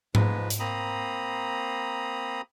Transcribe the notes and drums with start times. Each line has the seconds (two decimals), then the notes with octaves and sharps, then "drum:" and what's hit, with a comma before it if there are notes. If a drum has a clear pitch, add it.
0.15 G#2 F3 G#3 B4, drum: tom G#2
0.50 drum: hi-hat
0.60 A#3 C4 A#5 B5 D#6